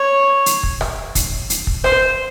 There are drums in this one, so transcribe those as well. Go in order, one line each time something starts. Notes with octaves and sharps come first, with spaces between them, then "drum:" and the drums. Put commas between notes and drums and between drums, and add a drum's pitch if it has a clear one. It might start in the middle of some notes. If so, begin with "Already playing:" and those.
Already playing: C#5
drum: hi-hat
drum: kick
drum: rim click
drum: kick, hi-hat
drum: hi-hat
drum: kick
C5, drum: rim click